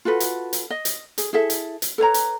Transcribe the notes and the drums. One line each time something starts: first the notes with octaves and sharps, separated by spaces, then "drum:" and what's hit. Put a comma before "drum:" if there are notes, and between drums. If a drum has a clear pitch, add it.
F4 F#4 A4 B4
drum: hi-hat
drum: hi-hat
D#5
drum: hi-hat
G#4, drum: hi-hat
E4 G#4 A4 E5
drum: hi-hat
drum: hi-hat
A4 B4 C#5 A#5
drum: hi-hat